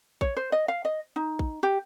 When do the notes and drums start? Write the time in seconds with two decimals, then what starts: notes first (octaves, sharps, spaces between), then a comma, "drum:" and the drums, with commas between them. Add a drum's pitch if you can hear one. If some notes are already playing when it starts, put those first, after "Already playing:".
0.21 C#5, drum: kick
0.37 C5
0.52 D#5
0.68 F5
0.85 D#5
1.16 D#4
1.39 drum: kick
1.63 G4